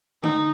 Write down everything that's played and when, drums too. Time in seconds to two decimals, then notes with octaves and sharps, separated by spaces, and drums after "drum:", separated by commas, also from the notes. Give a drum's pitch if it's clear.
0.23 D#4, drum: tom D3